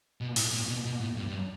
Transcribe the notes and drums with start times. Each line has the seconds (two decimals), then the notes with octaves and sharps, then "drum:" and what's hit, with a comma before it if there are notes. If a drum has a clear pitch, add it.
0.21 B2
0.36 A2, drum: open hi-hat
0.53 A#2
0.69 B2
0.85 B2
1.01 A2
1.17 G2
1.28 G2